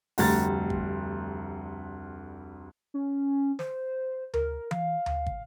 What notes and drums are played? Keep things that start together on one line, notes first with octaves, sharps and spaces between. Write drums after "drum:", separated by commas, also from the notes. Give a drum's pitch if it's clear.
F1 D2 G3 A#5 A6, drum: open hi-hat
drum: kick
C#4
C5, drum: snare
A#4, drum: tom D2
F5, drum: tom E3
drum: tom D2
drum: kick